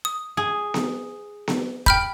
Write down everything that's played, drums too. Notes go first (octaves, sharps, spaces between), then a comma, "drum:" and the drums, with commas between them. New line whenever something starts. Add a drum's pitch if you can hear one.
D#6
G#4
drum: snare B3
drum: snare B3
G5 B5 F6 G6, drum: kick E1